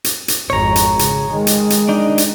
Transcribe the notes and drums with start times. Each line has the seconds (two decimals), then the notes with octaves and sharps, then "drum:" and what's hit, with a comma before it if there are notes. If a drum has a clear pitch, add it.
0.04 drum: hi-hat
0.28 drum: hi-hat
0.50 G#1 F2 C#5 A#5
0.76 drum: hi-hat
0.99 C#3, drum: hi-hat
1.31 D#3 G#3
1.47 drum: hi-hat
1.70 drum: hi-hat
1.89 D4 D#4
2.18 drum: hi-hat